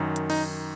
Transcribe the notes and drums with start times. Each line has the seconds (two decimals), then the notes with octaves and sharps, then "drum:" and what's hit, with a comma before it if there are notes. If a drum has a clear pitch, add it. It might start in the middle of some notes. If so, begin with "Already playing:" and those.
Already playing: F#2 D#3
0.16 drum: hi-hat
0.30 D#4, drum: cymbal